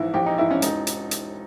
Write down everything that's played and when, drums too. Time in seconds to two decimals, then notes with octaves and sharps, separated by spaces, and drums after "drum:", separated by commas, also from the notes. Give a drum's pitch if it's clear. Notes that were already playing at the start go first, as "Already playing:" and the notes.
Already playing: A#1 G#2 E3 E4
0.14 A#1 G4
0.26 D#4
0.38 G#2 E3 E4
0.51 C#4
0.62 E1 D#4, drum: hi-hat
0.87 drum: hi-hat
1.11 drum: hi-hat